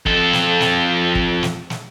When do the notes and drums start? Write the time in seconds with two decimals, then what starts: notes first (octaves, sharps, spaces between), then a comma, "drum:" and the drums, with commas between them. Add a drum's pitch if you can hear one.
0.06 F2 A4, drum: kick
0.33 drum: snare
0.61 drum: snare
1.15 drum: kick
1.43 drum: snare
1.70 drum: snare